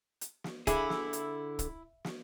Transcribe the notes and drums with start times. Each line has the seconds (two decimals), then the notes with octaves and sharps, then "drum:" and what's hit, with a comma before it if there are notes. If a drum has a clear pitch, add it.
0.21 drum: hi-hat
0.44 drum: snare
0.67 D3 E4 G#4, drum: kick, hi-hat
0.90 drum: snare
1.13 drum: hi-hat
1.59 drum: kick, hi-hat
2.05 drum: snare